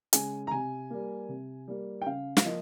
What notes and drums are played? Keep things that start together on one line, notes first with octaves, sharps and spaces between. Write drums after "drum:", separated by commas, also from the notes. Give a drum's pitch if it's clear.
C#3 G#3 C#4 G#5, drum: hi-hat
A#5
C3 G#5
G3 A#3
C3
G3 A#3
G5
C#3 F5
F5, drum: snare
F3 A#3 F4 D#5